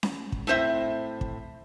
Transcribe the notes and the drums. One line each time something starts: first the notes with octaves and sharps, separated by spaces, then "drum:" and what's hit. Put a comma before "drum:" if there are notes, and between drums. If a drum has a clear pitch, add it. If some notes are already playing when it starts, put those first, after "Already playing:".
drum: snare C#4
drum: kick
A2 C4 C5 E5
drum: kick